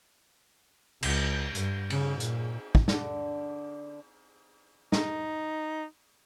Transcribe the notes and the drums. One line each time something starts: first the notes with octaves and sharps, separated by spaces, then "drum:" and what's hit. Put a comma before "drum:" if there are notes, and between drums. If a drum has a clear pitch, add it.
C#2, drum: cymbal
G2, drum: hi-hat
C#3, drum: cymbal
A#2, drum: hi-hat
drum: kick
D3 D5, drum: snare
D#4, drum: snare